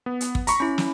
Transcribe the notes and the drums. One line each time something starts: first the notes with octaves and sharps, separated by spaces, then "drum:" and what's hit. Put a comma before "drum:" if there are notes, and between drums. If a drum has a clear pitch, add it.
B3
drum: hi-hat
drum: kick
A#5 B5 C#6, drum: hi-hat
C#4 E4 B5
drum: snare